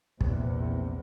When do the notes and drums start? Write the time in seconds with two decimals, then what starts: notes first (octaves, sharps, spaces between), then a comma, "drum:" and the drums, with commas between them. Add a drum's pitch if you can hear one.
0.21 A#1 E2 C3, drum: kick